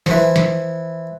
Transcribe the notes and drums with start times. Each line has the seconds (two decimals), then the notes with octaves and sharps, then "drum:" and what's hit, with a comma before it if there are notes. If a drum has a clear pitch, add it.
0.06 E3 F3, drum: snare
0.36 drum: snare